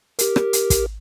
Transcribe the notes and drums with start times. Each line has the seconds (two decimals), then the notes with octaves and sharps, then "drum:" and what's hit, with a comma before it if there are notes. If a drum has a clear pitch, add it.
0.19 G4 A#4, drum: hi-hat
0.36 drum: rim click
0.53 drum: hi-hat
0.70 drum: kick, hi-hat